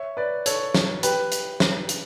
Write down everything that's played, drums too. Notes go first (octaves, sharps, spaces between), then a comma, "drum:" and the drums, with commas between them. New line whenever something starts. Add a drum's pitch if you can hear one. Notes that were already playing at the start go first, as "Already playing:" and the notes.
Already playing: C#5 E5
B4 D5
A4 C#5, drum: hi-hat
drum: snare
G4 B4, drum: hi-hat
drum: hi-hat
drum: snare
drum: hi-hat